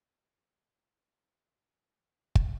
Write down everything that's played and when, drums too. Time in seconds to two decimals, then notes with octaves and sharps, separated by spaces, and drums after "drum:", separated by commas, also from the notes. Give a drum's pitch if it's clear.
0.03 G4 A4 B4
0.30 B5
0.82 E4 F5
1.57 C#4 C#5 F5
1.98 F4 F5 C6
2.35 drum: kick